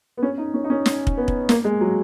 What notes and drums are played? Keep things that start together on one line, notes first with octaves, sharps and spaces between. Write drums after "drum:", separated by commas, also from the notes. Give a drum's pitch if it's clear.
B3
C#4
D#4
C#4
D#4
C#4
drum: snare
drum: kick
B3
drum: kick
A#3, drum: snare
G#3
F#3